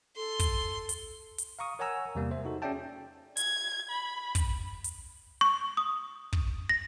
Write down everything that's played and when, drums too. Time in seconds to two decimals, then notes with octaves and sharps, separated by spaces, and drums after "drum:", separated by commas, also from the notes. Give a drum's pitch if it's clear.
0.16 A4 C6
0.39 drum: kick, hi-hat
0.89 drum: hi-hat
1.38 drum: hi-hat
1.59 F5 A#5 C#6 D#6
1.79 A#4 C#5 F#5 G#5 A#5 E6
2.15 E2 C3 G3 A#3
2.31 C5 E5
2.45 D#4 F#4 A4
2.62 C#4 G#4 D5 E5 G5 A5
3.37 G#6, drum: hi-hat
3.90 B5
4.35 drum: kick, hi-hat
4.84 drum: hi-hat
5.41 C#6
5.77 D#6
6.33 drum: kick
6.69 A#6